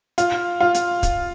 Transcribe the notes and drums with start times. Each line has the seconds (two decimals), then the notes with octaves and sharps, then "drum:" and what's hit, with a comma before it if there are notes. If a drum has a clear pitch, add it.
0.18 F4, drum: hi-hat
0.60 F4
0.74 drum: hi-hat
1.03 drum: kick, hi-hat